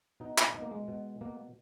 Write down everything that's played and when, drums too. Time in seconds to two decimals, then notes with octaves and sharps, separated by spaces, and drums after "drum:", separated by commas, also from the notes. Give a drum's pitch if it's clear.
0.20 B2 D#4
0.38 drum: clap
0.54 B2 D#4
0.62 A#3
0.71 G#3
0.88 B2
1.21 B2 A#3